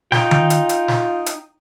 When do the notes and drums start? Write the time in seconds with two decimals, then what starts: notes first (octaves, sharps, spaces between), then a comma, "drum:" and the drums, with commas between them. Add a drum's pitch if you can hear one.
0.12 D#4 F4 G5, drum: snare
0.31 drum: tom D#3
0.50 drum: hi-hat
0.69 drum: hi-hat
0.88 drum: snare
1.26 drum: hi-hat